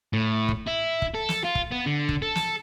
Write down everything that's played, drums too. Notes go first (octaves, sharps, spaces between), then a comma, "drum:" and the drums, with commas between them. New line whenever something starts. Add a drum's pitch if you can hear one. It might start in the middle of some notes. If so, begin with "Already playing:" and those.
A2
drum: kick
E4
drum: kick
A4
drum: snare
F4
drum: kick
B3
D3
drum: kick
A4
drum: snare